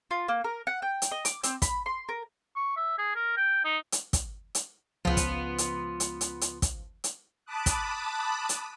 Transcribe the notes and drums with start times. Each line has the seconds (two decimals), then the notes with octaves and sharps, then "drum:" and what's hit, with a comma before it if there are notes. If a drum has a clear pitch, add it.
0.11 F4
0.28 A#3
0.44 A#4
0.67 F#5
0.82 G5
1.02 drum: hi-hat
1.11 D#5
1.25 D6, drum: hi-hat
1.43 C4, drum: hi-hat
1.62 B5, drum: kick, hi-hat
1.86 C6
2.09 A#4
2.56 C#6
2.76 E5
2.98 G#4
3.16 A#4
3.37 G5
3.65 D#4
3.92 drum: hi-hat
4.13 drum: kick, hi-hat
4.55 drum: hi-hat
5.05 C#2 F3 B3 F4
5.17 drum: kick, hi-hat
5.58 drum: hi-hat
6.00 drum: hi-hat
6.21 drum: hi-hat
6.41 drum: hi-hat
6.62 drum: kick, hi-hat
7.04 drum: hi-hat
7.45 A5 B5 D6 D#6 F#6
7.66 drum: kick, hi-hat
8.49 drum: hi-hat